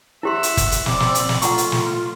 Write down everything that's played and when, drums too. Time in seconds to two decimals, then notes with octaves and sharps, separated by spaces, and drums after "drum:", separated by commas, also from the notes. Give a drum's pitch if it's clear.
0.23 E4 G4 E5 F#5 C6
0.43 drum: hi-hat
0.57 drum: kick, hi-hat
0.72 drum: hi-hat
0.86 C4 D5, drum: snare
1.00 drum: snare
1.15 drum: hi-hat
1.29 drum: snare
1.42 A3 F4 F#5 A#5 C#6, drum: hi-hat
1.58 drum: hi-hat
1.72 drum: snare